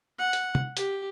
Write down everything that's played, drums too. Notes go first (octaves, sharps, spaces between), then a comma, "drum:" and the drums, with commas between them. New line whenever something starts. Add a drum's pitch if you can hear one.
F#5
drum: hi-hat
drum: tom
G4, drum: hi-hat